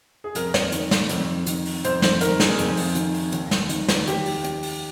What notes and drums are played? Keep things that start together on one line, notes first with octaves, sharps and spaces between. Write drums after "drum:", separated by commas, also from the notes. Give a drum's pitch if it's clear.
G#4
F2 A#4, drum: hi-hat
drum: snare
D#3, drum: hi-hat
drum: snare
F2, drum: hi-hat
D#3, drum: hi-hat
drum: open hi-hat
F2 C5, drum: hi-hat
C5, drum: snare
D#3 A#4, drum: hi-hat
G#4, drum: snare
F2, drum: hi-hat
drum: open hi-hat
D#3, drum: hi-hat
drum: open hi-hat
D#2, drum: hi-hat
drum: snare
D#3, drum: hi-hat
drum: snare
D#2 G4, drum: hi-hat
drum: open hi-hat
drum: hi-hat
drum: open hi-hat